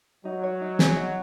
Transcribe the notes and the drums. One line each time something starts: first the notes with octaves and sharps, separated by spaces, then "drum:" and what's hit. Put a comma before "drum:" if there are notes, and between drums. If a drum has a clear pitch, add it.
F#3 D#4
C#5
D#4
G#4, drum: snare
D#4